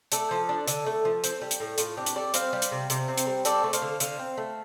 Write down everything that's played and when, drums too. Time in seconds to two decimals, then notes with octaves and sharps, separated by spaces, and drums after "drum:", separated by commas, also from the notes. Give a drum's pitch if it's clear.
0.12 A3 A4 D5, drum: hi-hat
0.31 F3
0.49 D4
0.68 D3, drum: hi-hat
0.86 A3
1.05 F3
1.24 C4, drum: hi-hat
1.41 G3
1.51 drum: hi-hat
1.60 A2
1.78 A2 F4, drum: hi-hat
1.97 C4 D4 G4
2.06 drum: hi-hat
2.15 G3 A4 D5
2.34 C4 C5 F5, drum: hi-hat
2.53 G3
2.62 drum: hi-hat
2.71 C3
2.90 C3, drum: hi-hat
3.08 C4
3.18 drum: hi-hat
3.27 G3
3.45 C4 A4 D5, drum: hi-hat
3.64 A3
3.73 C5 F5, drum: hi-hat
3.82 D3
4.00 D3 C5 F5, drum: hi-hat
4.19 C4
4.37 A3